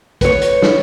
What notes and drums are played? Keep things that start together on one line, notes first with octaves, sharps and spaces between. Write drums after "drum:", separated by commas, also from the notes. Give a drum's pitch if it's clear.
B4 C#5, drum: kick, hi-hat
drum: hi-hat
drum: snare